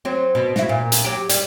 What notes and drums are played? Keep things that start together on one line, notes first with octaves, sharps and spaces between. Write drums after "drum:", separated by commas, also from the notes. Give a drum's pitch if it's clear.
F#3 C4
B2
E4 F#4, drum: snare
A#2
drum: hi-hat
F#3 G4
G3, drum: hi-hat